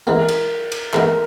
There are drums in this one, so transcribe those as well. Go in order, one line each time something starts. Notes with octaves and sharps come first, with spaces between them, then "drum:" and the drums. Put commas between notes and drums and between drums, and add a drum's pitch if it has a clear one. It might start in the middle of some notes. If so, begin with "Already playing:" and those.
E3 G#3 B3 A#4
drum: cymbal
drum: cymbal
E3 G#3 B3 A#4, drum: clap